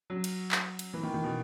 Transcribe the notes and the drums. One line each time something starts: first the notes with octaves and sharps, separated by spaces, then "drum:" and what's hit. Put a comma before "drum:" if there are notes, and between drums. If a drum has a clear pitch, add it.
F#3
drum: cymbal
drum: clap
drum: cymbal
E3
D#3
D#3
B2